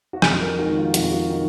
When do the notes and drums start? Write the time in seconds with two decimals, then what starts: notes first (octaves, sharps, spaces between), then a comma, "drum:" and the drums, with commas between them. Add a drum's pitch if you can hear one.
0.13 F#4
0.22 F2 G#4, drum: rim click
0.40 A#4
0.58 D#3 G#3 F#4
0.77 F4
0.94 F2 F#4, drum: hi-hat
1.03 F4
1.12 F#4
1.30 D#3